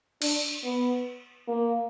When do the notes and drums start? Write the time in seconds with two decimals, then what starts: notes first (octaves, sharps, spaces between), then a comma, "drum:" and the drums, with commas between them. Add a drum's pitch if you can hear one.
0.22 D4, drum: cymbal
0.64 B3
1.48 A#3